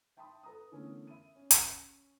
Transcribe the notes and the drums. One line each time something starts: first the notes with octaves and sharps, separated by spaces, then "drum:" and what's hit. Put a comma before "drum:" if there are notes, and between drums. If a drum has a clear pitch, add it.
E5 G5 A5 B5 C6 D#6
A4 B4 A#5 D#6
D3 E3 A3 B3 C#4 A#4
E5 B5 D#7
C#4
drum: hi-hat